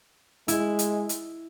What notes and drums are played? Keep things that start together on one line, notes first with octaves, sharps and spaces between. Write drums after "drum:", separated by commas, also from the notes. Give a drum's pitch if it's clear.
G#3 E4, drum: hi-hat
drum: hi-hat
drum: hi-hat